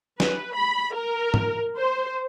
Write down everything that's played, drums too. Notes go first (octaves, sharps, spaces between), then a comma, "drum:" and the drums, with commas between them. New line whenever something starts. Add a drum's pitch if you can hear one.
B4, drum: snare
B5
A#4
drum: tom G#2
C5